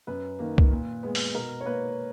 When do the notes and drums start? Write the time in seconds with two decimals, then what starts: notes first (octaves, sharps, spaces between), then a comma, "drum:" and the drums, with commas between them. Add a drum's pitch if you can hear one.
0.07 F#2 B4
0.39 D#3 A#3
0.58 drum: kick C2
0.71 A#2
1.03 G#3 B3
1.15 drum: open hi-hat
1.34 B2 A#4
1.60 C#5
1.65 A#3 B4